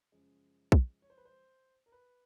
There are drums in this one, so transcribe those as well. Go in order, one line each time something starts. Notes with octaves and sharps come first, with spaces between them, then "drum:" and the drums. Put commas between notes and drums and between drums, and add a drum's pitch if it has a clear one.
F#2 C#3 F3 G#3
drum: kick
C#5
C5
B4
C5
A#4
B4